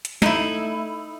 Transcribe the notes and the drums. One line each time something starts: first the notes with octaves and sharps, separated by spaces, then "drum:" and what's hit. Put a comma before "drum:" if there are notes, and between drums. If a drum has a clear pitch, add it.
drum: hi-hat
A3 D#4 E4, drum: snare